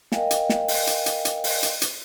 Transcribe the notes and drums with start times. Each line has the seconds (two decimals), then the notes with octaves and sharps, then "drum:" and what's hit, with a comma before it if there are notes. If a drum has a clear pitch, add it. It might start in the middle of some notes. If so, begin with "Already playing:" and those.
0.12 A#4 D#5 F5 G5 G#5, drum: snare
0.31 drum: hi-hat
0.49 drum: snare
0.68 drum: open hi-hat
0.87 drum: hi-hat
1.06 drum: hi-hat
1.25 drum: hi-hat
1.44 drum: open hi-hat
1.63 drum: hi-hat
1.82 drum: hi-hat